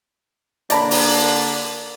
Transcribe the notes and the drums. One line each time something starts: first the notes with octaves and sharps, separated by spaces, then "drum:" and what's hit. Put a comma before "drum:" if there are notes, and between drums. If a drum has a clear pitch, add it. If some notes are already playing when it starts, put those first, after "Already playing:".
D3 A#3 D4 D5 A#5 B5, drum: hi-hat
drum: open hi-hat